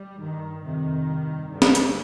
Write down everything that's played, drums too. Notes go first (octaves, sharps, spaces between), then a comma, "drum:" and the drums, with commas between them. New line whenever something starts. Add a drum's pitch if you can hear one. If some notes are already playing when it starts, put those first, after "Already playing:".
Already playing: G3
G2 D#3
F2 C3 D#3
G2
G2 D3
drum: snare
drum: hi-hat